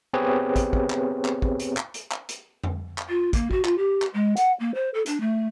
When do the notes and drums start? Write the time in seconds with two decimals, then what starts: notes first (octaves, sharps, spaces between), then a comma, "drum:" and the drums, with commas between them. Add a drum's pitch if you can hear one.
0.13 B3 C4 G4 G#4 B4 C#5
0.56 drum: kick, hi-hat
0.73 drum: kick
0.90 drum: clap
1.25 drum: clap
1.42 drum: kick
1.60 drum: hi-hat
1.77 drum: clap
1.94 drum: hi-hat
2.12 drum: clap
2.29 drum: hi-hat
2.64 drum: tom F2
2.98 drum: clap
3.09 F4
3.33 A#3, drum: kick, hi-hat
3.51 F#4, drum: kick
3.65 F4, drum: clap
3.78 G4
4.02 drum: clap
4.13 G#3
4.37 F#5, drum: hi-hat
4.59 A#3
4.74 C5
4.94 A4
5.06 D4, drum: hi-hat
5.20 A3